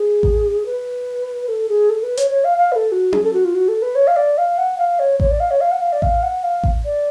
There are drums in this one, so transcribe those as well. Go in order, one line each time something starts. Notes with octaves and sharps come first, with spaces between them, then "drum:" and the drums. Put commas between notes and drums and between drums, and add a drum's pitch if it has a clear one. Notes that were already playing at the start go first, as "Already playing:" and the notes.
Already playing: G#4
drum: kick A1
B4
A4
G#4
A4
B4
C#5, drum: hi-hat
C#5
F5
F5
B4
A4
F#4
G#4, drum: tom C#4
A4
F#4
F4
F#4
A4
B4
C#5
F5
D5
F5
F#5
F5
C#5
C#5, drum: kick A1
D5
F5
C#5
F5
F#5
F5
D5
F5, drum: kick A1
F#5
F5
drum: kick A1
D5